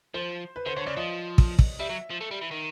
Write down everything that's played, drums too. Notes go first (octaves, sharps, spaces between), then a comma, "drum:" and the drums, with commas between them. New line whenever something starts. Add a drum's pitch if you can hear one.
F3 C5
B4
D3 C5
D3 C#5
C#3 D5
F3 D#5
drum: kick
drum: kick
G3 E5
F#3
F3
A3
G3
E3
D#3